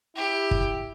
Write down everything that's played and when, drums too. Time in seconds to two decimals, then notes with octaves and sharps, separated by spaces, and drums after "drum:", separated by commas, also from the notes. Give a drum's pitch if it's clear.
0.16 E4 G4
0.51 drum: kick